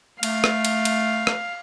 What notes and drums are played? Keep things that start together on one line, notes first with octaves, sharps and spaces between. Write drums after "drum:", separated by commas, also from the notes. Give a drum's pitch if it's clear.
A3 F5, drum: cymbal
drum: rim click
drum: cymbal
drum: cymbal
drum: rim click